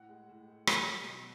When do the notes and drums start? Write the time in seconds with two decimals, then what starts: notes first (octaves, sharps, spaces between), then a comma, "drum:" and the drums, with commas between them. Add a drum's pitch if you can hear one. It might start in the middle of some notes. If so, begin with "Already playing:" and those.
Already playing: A2 F#5
0.09 G#3
0.29 A2
0.48 G#3
0.67 B2, drum: rim click
0.88 F#3
1.07 B2